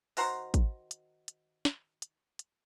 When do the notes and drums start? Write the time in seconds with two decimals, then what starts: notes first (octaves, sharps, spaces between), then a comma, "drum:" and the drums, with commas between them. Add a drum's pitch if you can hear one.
0.17 D#3 F#4 C5 A#5, drum: open hi-hat
0.54 drum: kick, hi-hat
0.91 drum: hi-hat
1.28 drum: hi-hat
1.65 drum: snare
2.02 drum: hi-hat
2.39 drum: hi-hat